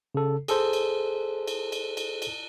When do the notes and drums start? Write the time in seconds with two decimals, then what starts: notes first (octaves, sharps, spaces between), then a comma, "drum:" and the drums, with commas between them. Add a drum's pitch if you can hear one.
0.15 C#3 A4
0.48 G#4 A4 C5, drum: cymbal
0.73 drum: cymbal
1.48 drum: cymbal
1.72 drum: cymbal
1.97 drum: cymbal
2.22 drum: cymbal